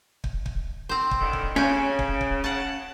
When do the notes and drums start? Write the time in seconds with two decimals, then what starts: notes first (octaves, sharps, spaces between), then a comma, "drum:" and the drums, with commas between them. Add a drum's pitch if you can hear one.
0.24 drum: kick
0.46 drum: kick
0.89 C4 C5
1.11 drum: kick
1.20 A2 D3 D#3
1.33 drum: kick
1.56 C#3 C#4 G5 G#5
1.99 drum: kick
2.21 drum: kick
2.44 F#5 A5